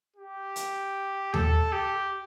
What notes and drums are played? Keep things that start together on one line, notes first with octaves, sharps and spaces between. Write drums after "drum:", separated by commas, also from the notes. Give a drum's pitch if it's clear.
G4
drum: hi-hat
A4, drum: tom D#2
G4